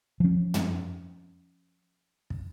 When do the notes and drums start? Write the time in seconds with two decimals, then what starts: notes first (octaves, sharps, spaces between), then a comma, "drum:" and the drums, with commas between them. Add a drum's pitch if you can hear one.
0.20 F3 C#4
0.54 drum: tom
2.30 drum: kick